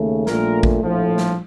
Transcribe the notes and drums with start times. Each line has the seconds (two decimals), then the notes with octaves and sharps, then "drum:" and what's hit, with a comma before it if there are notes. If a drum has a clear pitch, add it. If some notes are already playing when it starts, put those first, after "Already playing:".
Already playing: D#2 C#3 A3
0.27 A#1 A#2 A3 A#4, drum: snare
0.63 drum: kick A1
0.81 A#1 A2 F3 A3
1.18 drum: snare